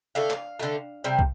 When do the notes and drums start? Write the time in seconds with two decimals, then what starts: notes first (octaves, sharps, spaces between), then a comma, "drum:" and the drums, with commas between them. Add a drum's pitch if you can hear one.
0.15 D3 A3 F5
0.30 drum: clap
0.59 D3 A3
1.04 C3 G3
1.19 drum: kick